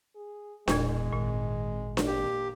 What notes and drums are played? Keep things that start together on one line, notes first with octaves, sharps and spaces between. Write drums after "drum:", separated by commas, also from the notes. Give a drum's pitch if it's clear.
G#4
E1 E2 A#2 G#3 G#6, drum: snare D4
G#1 A#2
drum: snare D4
A#3 G4